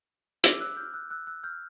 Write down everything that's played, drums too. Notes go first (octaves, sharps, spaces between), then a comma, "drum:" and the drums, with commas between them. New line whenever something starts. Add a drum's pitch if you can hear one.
D6 E6, drum: hi-hat
E6 F#6
F6 G6
E6 F#6
E6 F#6
E6 F#6
F6 G6